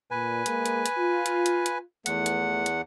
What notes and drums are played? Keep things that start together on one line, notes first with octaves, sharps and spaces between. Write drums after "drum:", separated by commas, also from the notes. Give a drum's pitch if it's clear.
A#2 B4 G#5
G#3 A#3, drum: hi-hat
drum: hi-hat
drum: hi-hat
F4
drum: hi-hat
drum: hi-hat
drum: hi-hat
E2 E3 F3 A3 F#5, drum: hi-hat
drum: hi-hat
drum: hi-hat